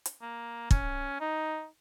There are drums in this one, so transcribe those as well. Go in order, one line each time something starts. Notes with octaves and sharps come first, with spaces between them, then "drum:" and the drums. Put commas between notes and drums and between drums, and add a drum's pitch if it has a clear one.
drum: hi-hat
A#3
C#4, drum: kick
D#4